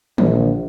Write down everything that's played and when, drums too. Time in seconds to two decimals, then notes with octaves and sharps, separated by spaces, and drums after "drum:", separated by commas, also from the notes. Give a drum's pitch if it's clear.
0.18 A#1, drum: tom